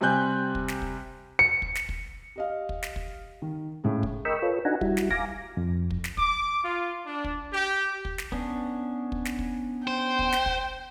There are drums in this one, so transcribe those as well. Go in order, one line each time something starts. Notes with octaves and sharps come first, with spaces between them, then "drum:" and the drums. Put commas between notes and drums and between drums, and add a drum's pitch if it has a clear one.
C3 G3 C4 G#5 F#6 G6
drum: kick
drum: snare
drum: kick
C#7
drum: kick
drum: snare
drum: kick
G4 D#5 F5
drum: kick
drum: snare
drum: kick
D#3
A2 C#3 G#3
drum: kick
A#4 D#5 G5 B5 C#6 E6
F4 A4 B4 C#5
D4 D#4 F#4 F#5 G#5 A#5
G3 E4 F#4, drum: kick
drum: snare
F5 G#5 A#5 D6 A#6, drum: kick
F2
drum: kick
drum: snare
D6, drum: kick
F4
D4
drum: kick
G4
drum: kick
drum: snare
B3 C#4 D4, drum: kick
drum: kick
drum: snare
drum: kick
C5 G5
drum: kick
drum: snare
drum: kick